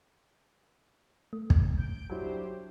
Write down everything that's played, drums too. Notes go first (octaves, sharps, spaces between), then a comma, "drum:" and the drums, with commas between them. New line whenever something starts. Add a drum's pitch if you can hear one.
A3
drum: kick
G6 D7
F#3 D4 E4 G4 C5